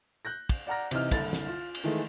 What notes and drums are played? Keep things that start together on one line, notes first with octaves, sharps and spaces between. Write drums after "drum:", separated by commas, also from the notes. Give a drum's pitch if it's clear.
F#6 G6 A#6
drum: kick, cymbal
D5 F#5 A#5 F6 A#6
C3 E3 D#4 F6, drum: cymbal
F#1 C2 D3 A6, drum: kick, cymbal
drum: snare
F4
drum: cymbal
D#3 E3 G#3 A3